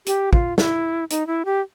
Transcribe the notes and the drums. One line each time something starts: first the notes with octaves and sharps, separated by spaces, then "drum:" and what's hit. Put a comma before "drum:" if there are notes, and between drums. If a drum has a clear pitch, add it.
G4, drum: hi-hat
F4, drum: kick
E4, drum: snare
D#4, drum: hi-hat
E4
G4